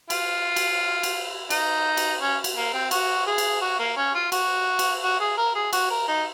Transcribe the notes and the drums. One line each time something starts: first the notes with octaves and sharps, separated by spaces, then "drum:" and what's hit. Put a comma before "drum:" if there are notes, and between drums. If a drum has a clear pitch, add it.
F4, drum: cymbal
drum: cymbal
drum: cymbal
D#4, drum: cymbal
drum: cymbal
C#4
drum: cymbal
A#3
C4
F#4, drum: cymbal
G#4
drum: cymbal
F#4
A#3
C#4
F4
F#4, drum: cymbal
drum: cymbal
F#4
G#4
A#4
G#4
F#4, drum: cymbal
A#4
D#4